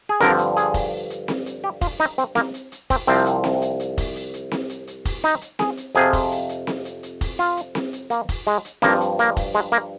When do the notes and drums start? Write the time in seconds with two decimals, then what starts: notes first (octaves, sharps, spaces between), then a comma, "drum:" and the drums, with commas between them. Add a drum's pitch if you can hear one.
0.09 G#4
0.20 G2 D3 F3 A#4, drum: snare C4
0.38 drum: hi-hat
0.57 G#4, drum: hi-hat
0.74 drum: kick F1, open hi-hat
1.10 drum: hi-hat
1.28 drum: snare C4
1.46 drum: hi-hat
1.64 G4
1.81 F4, drum: kick F1, open hi-hat
2.00 D#4, drum: hi-hat
2.18 C4, drum: hi-hat
2.35 A#3, drum: snare C4
2.54 drum: hi-hat
2.72 drum: hi-hat
2.90 C4, drum: kick F1, open hi-hat
3.07 C2 C3 F3 C4, drum: hi-hat
3.26 drum: hi-hat
3.44 drum: snare C4
3.62 drum: hi-hat
3.80 drum: hi-hat
3.98 drum: kick F1, open hi-hat
4.16 drum: hi-hat
4.34 drum: hi-hat
4.52 drum: snare C4
4.69 drum: hi-hat
4.87 drum: hi-hat
5.05 drum: kick F1, open hi-hat
5.24 D#4, drum: hi-hat
5.41 drum: hi-hat
5.59 G#4, drum: snare C4
5.77 drum: hi-hat
5.95 F2 C3 F3 G#4, drum: hi-hat
6.13 drum: kick F1, open hi-hat
6.31 drum: hi-hat
6.49 drum: hi-hat
6.67 drum: snare C4
6.85 drum: hi-hat
7.03 drum: hi-hat
7.21 drum: kick F1, open hi-hat
7.39 F4, drum: hi-hat
7.57 drum: hi-hat
7.75 drum: snare C4
7.93 drum: hi-hat
8.10 A#3, drum: hi-hat
8.29 drum: kick F1, open hi-hat
8.47 G#3, drum: hi-hat
8.65 drum: hi-hat
8.82 G2 F3 A#3, drum: snare C4
9.01 drum: hi-hat
9.19 A#3, drum: hi-hat
9.37 drum: kick F1, open hi-hat
9.55 G#3, drum: hi-hat
9.72 A#3, drum: hi-hat